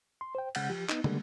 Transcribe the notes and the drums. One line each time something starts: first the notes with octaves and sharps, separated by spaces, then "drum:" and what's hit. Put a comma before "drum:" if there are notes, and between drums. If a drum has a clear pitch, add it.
C6
C5 G5
C#3 G#3 F#5 G6 A6, drum: cymbal
F3 G4
B3 D#4, drum: clap
D3 G3 G#3 A#3, drum: tom